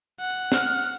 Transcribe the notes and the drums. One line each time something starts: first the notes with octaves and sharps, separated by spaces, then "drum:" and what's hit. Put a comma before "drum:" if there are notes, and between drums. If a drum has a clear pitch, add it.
F#5
F6, drum: snare